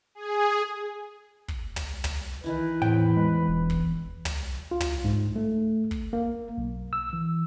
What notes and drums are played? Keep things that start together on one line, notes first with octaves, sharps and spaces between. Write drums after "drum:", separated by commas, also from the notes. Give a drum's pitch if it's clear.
G#4
drum: kick
drum: tom
drum: tom
D#3 E3 E4 B4
E2 A2 C4 C#5 G5
G#3
E1
drum: kick
drum: tom
F4
drum: tom
G#2
A3
drum: kick
A#3
B1
E6
E3